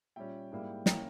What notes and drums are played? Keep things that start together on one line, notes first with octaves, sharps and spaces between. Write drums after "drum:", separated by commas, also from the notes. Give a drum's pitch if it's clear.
A#2 G3 C#4 E5 G5
G#2 G3 A#3 E4
E3 A#3 C#4 G5 A#5, drum: snare